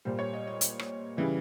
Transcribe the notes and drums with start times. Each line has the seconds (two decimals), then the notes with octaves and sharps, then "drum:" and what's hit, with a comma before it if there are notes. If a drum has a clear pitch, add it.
0.05 A#2 G3 C5
0.19 C#5
0.33 D#5
0.47 D#5
0.61 drum: hi-hat
0.79 drum: rim click
1.17 C#3 E3 G3